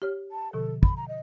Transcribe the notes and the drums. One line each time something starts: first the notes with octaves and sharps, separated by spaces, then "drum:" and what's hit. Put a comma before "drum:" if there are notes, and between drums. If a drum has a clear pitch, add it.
G4 C#5 F6
A5
B2 D3 F3 A4
B5, drum: kick
A#5
D#5